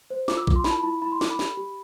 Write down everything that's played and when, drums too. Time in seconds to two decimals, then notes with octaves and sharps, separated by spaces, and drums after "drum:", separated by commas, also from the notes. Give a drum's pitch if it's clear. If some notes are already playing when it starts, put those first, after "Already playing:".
0.10 C5
0.28 F4 D6, drum: snare
0.37 E6
0.47 F4 D6, drum: kick A#1
0.56 C6
0.64 E4 B5, drum: snare
0.71 A5
0.79 E4 B5
1.02 E4 B5
1.12 C6
1.21 E4 D6, drum: snare
1.30 B5
1.39 G4, drum: snare
1.57 G4